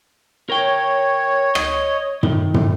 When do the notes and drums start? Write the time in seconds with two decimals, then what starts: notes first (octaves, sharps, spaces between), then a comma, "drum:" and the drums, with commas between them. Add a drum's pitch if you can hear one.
0.50 A#4 C#5 G5
1.55 D#5, drum: rim click
2.23 D#3, drum: tom
2.54 drum: tom